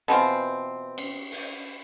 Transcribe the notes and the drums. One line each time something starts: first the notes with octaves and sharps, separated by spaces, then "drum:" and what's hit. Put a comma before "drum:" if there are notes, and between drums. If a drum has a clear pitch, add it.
B2 E3 C4 F4
drum: cymbal
drum: open hi-hat